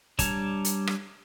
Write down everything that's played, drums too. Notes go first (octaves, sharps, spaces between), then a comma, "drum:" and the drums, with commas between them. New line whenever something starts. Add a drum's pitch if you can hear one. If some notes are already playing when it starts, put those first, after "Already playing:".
G3 D4 C#5 A5 A#5, drum: kick, hi-hat
drum: hi-hat
drum: rim click